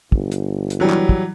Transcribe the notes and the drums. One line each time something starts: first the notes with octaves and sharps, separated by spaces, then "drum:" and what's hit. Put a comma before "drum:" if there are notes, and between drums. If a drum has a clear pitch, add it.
G1, drum: kick
drum: hi-hat
drum: hi-hat
E3 F#3 G3
drum: clap
drum: kick